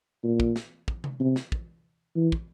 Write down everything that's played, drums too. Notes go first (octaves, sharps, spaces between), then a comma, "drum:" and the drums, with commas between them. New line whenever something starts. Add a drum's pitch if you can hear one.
A#2
drum: kick
drum: snare
drum: kick
drum: tom C3
C3
drum: snare
drum: kick
E3
drum: kick